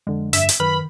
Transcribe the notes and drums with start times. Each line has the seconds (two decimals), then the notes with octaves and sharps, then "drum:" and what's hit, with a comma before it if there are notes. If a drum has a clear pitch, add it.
0.07 F2 D3 G#3
0.33 G2 E5, drum: hi-hat
0.49 drum: hi-hat
0.60 F#2 D#3 B4 B5 F6